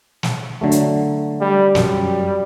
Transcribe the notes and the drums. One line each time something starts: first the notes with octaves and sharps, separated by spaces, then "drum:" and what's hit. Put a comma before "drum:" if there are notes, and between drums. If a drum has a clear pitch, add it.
drum: snare
D3 F#3 A3
drum: hi-hat
G3
F#2 G3, drum: snare